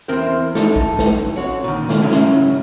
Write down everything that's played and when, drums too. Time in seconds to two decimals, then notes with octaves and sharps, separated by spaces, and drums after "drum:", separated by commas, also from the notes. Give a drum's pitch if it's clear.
0.08 E2 E3 C4 A#4 C5
0.55 D#4 A4, drum: snare
0.76 drum: kick A#1
0.99 drum: snare
1.36 C4 F#4 C#5
1.64 A#2 D3 D#3
1.89 drum: snare
2.02 G#2 C#3 F#3 C#4 E4
2.11 drum: snare